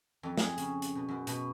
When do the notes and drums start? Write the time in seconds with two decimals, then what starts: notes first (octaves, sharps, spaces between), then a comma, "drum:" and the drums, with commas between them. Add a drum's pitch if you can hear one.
0.23 F2
0.38 G#4, drum: snare
0.58 C#3, drum: hi-hat
0.82 drum: hi-hat
0.95 B2
1.09 F#2
1.27 B2, drum: hi-hat